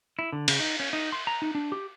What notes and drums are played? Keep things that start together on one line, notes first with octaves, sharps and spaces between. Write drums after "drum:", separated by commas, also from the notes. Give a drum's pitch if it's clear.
E4
D3
C#3, drum: cymbal
D#4
C#4
D#4
C6
A#5
D#4
D4
G4